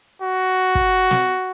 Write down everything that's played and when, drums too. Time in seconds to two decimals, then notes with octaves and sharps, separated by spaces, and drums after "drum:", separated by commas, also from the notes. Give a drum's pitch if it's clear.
0.22 F#4
0.75 drum: kick
1.11 drum: snare